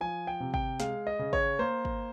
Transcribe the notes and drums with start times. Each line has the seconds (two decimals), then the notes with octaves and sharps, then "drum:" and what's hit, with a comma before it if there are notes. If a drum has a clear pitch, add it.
0.01 F3 G#5
0.27 G5
0.40 C3
0.54 G5, drum: kick
0.80 G#3 F5, drum: snare
1.07 D#5
1.19 C#3
1.33 C#5, drum: kick
1.59 A#3 C5
1.85 drum: kick